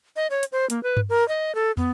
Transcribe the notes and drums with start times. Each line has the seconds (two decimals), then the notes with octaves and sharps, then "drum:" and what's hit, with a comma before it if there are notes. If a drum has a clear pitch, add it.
0.16 D#5
0.30 C#5
0.43 drum: hi-hat
0.52 C5
0.70 A#3, drum: hi-hat
0.83 B4
0.97 drum: tom G2
1.09 A#4
1.28 D#5
1.55 A4
1.77 B3, drum: tom